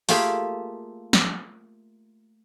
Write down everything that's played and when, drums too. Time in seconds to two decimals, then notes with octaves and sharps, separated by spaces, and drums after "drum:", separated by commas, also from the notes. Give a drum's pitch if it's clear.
0.09 A3 A#3 F4 G4 G#4 E5, drum: open hi-hat
1.13 drum: snare